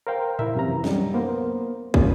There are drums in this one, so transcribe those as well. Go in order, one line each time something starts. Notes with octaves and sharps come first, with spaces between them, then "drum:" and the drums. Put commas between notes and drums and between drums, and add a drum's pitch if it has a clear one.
A#4 C5 F5 G5
E4 A#4 E5, drum: tom A2
F#2 C3 E3 A#5
C2 F#2 F#3 G3 D#4, drum: snare
A#3 B3 A#4 C5
G2 A#2 C#4, drum: kick